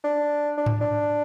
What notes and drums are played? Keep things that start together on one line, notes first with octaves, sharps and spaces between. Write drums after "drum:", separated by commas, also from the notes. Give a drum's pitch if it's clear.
D4
D4
drum: tom G#2
D4